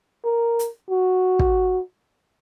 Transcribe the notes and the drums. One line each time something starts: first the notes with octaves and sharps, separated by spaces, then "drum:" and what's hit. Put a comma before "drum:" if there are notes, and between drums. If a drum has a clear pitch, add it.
A#4
drum: hi-hat
F#4
drum: kick